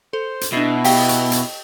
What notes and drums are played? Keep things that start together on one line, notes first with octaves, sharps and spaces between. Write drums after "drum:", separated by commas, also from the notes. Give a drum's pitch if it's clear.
A4 C5
drum: hi-hat
B2 D4 E4 C7
G4 D#5 F5 F#5 B6, drum: open hi-hat
C#6, drum: hi-hat
drum: hi-hat